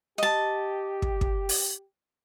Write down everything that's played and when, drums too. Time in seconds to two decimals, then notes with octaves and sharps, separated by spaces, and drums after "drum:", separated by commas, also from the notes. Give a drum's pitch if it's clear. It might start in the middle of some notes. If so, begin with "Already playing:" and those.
0.18 G4 D#5 A5
1.02 drum: kick
1.21 drum: kick
1.49 drum: open hi-hat